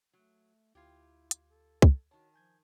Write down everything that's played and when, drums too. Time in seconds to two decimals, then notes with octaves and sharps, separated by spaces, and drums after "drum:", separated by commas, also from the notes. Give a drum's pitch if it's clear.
0.13 F#3 A3
0.75 D2 E4 F4 G4 G#6
1.31 drum: hi-hat
1.51 A4
1.82 drum: kick
2.11 D#3 F#4 C#5 A5
2.34 F3 G#5 G6 G#6